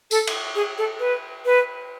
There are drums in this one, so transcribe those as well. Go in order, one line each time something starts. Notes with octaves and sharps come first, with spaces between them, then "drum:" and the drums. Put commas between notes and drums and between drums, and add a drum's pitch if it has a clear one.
A4, drum: tambourine
drum: cymbal
G#4
A4
B4
B4